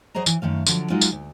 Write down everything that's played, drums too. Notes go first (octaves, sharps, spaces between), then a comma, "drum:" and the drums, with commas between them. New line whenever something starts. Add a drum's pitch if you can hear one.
F#3 G#4 C5 D#5 A#5
E3, drum: tambourine
F#2 D#3 A3 F5
D3 F3 F#3, drum: tambourine
F#3 G#3 D#4 F4 F#4
drum: tambourine
D2